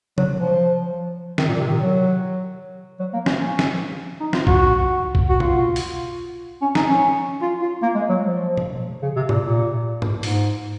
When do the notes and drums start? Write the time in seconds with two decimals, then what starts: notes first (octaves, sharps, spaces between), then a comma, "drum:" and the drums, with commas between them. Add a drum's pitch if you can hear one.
0.18 F#3, drum: tom
0.38 F3
1.38 D#3, drum: snare
1.49 A#2
1.59 C3
1.69 D#3
1.79 F#3
3.00 F#3
3.13 A#3
3.26 C#4, drum: snare
3.40 C#4
3.59 drum: snare
4.20 D#4
4.33 F4, drum: snare
4.47 F#4, drum: kick B1
5.15 drum: kick B1
5.29 F#4
5.40 F4, drum: tom B2
5.76 drum: open hi-hat
6.62 C#4
6.75 D#4, drum: snare
6.89 C#4
7.42 F4
7.62 F4
7.82 A#3
7.95 G#3
8.09 F#3
8.22 F3
8.57 drum: tom B2
9.02 C#3
9.16 C3
9.29 A#2, drum: tom G#2
9.43 A#2
10.02 drum: tom G#2
10.23 G#2, drum: open hi-hat